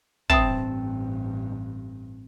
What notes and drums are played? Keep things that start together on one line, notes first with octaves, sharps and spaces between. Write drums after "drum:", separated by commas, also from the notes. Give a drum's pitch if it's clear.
A1 G2 C4 E5 A5 B5 D#6, drum: kick